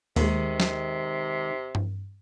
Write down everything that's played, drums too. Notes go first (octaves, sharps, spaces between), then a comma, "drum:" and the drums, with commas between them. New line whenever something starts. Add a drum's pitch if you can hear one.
D#2 C3 D#3 G#3, drum: open hi-hat
drum: snare
drum: tom G2